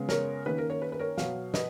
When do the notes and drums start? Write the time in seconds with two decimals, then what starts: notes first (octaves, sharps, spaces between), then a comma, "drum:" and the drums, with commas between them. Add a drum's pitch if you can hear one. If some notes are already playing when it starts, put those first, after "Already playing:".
Already playing: C#3 G#3 B3
0.09 A#4 C#5, drum: snare
0.46 D#3 A#3 C#4 B4
0.58 A#4
0.70 A#4 C#5
0.82 B4
0.92 B4
0.99 A#4 C#5
1.18 B2 F#3 B3 C#5 F5, drum: snare
1.54 B4 D#5, drum: snare